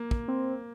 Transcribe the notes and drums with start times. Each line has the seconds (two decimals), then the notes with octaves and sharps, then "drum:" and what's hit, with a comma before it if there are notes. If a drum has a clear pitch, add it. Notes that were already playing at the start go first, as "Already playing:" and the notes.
Already playing: A#3
0.11 drum: kick
0.28 C4